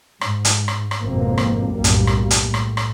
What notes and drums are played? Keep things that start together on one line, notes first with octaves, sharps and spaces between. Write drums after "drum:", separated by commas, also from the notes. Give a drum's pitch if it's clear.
G#2, drum: rim click
drum: hi-hat
drum: rim click
drum: rim click
G#1 F2 B2 A#3 C4
drum: rim click
B1 F#2 A2 G3 A#3
drum: hi-hat
drum: rim click
drum: hi-hat
A2
drum: rim click
drum: rim click